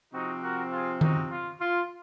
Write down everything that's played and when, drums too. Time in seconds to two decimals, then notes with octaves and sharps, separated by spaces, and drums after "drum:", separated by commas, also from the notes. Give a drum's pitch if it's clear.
0.13 C3 F3 C4 D#4 F#4
0.43 F#4 A#4
0.72 F4 G#4
1.01 D#4 F#4, drum: tom D#3
1.31 F4
1.60 F4